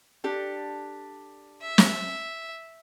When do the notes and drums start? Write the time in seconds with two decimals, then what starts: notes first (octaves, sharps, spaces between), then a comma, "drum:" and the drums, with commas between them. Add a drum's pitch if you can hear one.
0.24 D4 G4 A4
1.62 E5
1.78 drum: snare